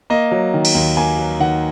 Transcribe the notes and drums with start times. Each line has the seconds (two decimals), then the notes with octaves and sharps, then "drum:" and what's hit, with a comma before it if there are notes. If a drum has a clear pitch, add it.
0.10 A#3 D#5
0.31 F#3
0.54 D#3
0.65 drum: cymbal
0.75 D#2
0.97 A#3 G#5
1.18 F#3
1.40 D#3 F#5